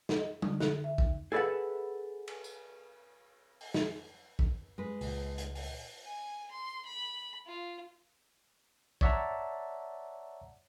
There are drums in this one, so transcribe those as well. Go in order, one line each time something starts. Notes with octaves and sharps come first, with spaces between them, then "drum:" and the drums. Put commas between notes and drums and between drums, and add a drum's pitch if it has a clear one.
drum: snare
D#5
D3, drum: tom
F#6, drum: snare
E5
D#2, drum: kick
G#4 A4 B4 D5 E5 F#5
drum: cymbal
drum: tambourine
drum: open hi-hat
drum: snare
drum: kick
G#3 B4
C#2 A#2, drum: open hi-hat
drum: hi-hat
drum: open hi-hat
G#5
C6
B5
F4
C#5 D5 E5 F#5 A5 A#5, drum: kick